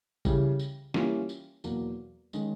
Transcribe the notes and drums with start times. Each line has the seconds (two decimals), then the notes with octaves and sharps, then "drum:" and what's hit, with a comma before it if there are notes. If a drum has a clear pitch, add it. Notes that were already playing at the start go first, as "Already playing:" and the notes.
0.25 C#3 E3 G3, drum: kick A1, tambourine
0.59 drum: tambourine
0.94 E3 G3 A#3 C#4 F4, drum: snare
1.29 drum: tambourine
1.64 E2 B2 F#3 A#3, drum: tambourine
2.33 D#3 G#3 C#4, drum: tambourine